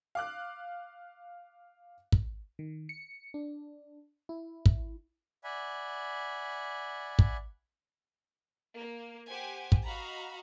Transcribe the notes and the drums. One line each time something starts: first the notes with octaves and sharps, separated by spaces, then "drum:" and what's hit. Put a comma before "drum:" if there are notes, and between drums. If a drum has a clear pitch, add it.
F5 D6 F#6
drum: kick
D#3
C#7
D4
E4
drum: kick
D5 E5 F#5 G#5 B5
drum: kick
A#3
G4 C5 F#5 G#5
drum: kick
F#4 D#5 F5 A#5 B5